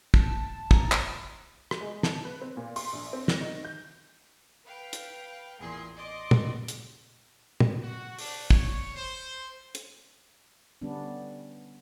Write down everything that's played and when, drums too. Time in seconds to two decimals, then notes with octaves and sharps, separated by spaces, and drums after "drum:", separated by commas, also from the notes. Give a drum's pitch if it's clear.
0.14 A5, drum: kick
0.71 A#5, drum: kick
0.92 drum: clap
1.71 drum: rim click
1.81 G#3
2.03 A5, drum: snare
2.25 B4
2.41 C4
2.57 A#2
2.76 C6, drum: open hi-hat
2.93 A#1
3.13 C4
3.28 A#6, drum: snare
3.41 D#3
3.65 G6
4.66 B4 F5 G5
4.93 drum: hi-hat
5.59 A1 E2 A#2 G#4 C6 C7
5.96 D5 D#5 C6 D6
6.31 drum: tom
6.68 drum: hi-hat
7.60 drum: tom
7.81 F#4
8.19 D4, drum: open hi-hat
8.50 C#5, drum: kick
8.95 C5
9.75 drum: hi-hat
10.82 D3 G3 B3 C#4 D4